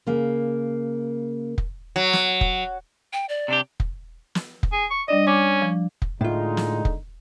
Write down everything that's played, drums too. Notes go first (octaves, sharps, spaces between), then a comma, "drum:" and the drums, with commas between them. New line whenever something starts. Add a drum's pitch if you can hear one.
C#3 A#3
drum: kick F1
F#3
drum: snare
drum: kick F1
G5
D5
C3 D4 G4
drum: kick F1
drum: snare
drum: kick F1
G#4
C#6
G3 D4 D5 D#5
C#4 D6
F3
drum: kick F1
A2 D3 G#3 D#4 F4
drum: snare
drum: kick F1